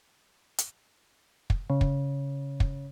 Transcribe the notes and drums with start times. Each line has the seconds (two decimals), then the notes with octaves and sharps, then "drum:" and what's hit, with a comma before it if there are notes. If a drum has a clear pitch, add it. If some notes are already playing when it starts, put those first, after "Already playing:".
0.58 drum: hi-hat
1.50 drum: kick
1.70 C#3
1.81 drum: kick
2.60 drum: kick